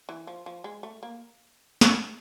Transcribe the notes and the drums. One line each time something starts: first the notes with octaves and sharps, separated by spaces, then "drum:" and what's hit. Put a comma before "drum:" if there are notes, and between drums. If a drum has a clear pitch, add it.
E3
F3
F3
G#3
A3
A#3
drum: snare